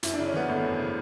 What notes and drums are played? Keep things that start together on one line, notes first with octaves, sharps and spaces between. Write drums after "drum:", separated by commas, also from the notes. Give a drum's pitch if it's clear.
F#2 E4, drum: hi-hat
C#3 D4
C#4
E3 B3
G#1 A3
F#2
C#3